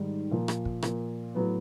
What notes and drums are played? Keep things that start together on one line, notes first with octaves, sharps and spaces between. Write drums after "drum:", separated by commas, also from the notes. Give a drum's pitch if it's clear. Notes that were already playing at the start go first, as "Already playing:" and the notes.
Already playing: G#2 D#3 G3
A#2 F3 A#3
drum: rim click
drum: kick
A#2 F3 A#3, drum: rim click
A2 F#3 B3